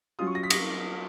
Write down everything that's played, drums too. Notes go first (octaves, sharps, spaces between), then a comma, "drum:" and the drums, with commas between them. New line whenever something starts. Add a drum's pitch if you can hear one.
F#3 C#4 F4 D#6
C#6
A#6
B6
A#6, drum: cymbal